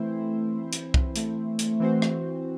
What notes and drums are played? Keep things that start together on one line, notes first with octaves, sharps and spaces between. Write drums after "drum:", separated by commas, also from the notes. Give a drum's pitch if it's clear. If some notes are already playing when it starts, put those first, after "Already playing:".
Already playing: E3 A3 C4 E4 C5
drum: hi-hat
drum: kick
A3, drum: hi-hat
drum: hi-hat
E3 C4 F#4 C5
drum: rim click